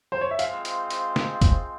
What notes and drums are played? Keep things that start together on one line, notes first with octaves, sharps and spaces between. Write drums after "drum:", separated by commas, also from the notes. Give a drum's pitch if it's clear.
C5
C#5
E5
G#3 C4 F4 C5 F5, drum: hi-hat
drum: hi-hat
drum: hi-hat
drum: snare
drum: kick, hi-hat